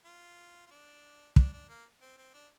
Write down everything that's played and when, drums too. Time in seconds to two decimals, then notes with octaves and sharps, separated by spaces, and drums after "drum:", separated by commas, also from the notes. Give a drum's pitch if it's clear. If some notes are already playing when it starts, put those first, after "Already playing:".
0.05 F4
0.67 F4
0.70 D4
1.36 D4, drum: kick
1.53 D4
1.69 A#3
2.02 C4
2.18 C4
2.34 D4